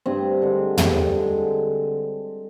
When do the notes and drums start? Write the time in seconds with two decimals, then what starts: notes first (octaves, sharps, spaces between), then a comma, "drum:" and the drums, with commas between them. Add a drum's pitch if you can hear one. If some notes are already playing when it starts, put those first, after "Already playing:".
0.06 G2 C4
0.42 D3 G#3
0.78 G2, drum: tom
1.13 D3 G#3